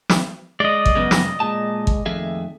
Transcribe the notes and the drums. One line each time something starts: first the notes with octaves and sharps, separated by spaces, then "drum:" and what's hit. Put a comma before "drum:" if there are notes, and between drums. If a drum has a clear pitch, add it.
drum: snare
G#3 D5 D#5
drum: kick
F#2 C#3 G#3 B3
drum: snare
A#2 G#3 A5
drum: kick
F2 A#2 D#3 A3 G#4 E5